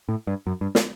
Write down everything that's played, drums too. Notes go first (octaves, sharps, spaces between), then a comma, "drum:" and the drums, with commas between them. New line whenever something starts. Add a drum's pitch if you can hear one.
A2
G2
F#2
G2
drum: snare